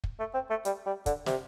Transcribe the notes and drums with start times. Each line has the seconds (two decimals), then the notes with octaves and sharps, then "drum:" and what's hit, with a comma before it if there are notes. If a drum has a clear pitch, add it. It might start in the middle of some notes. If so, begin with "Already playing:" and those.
0.04 drum: kick
0.19 A3
0.34 C4
0.50 A3
0.65 G3, drum: hi-hat
0.86 G3
1.06 D3, drum: kick, hi-hat
1.26 C3, drum: snare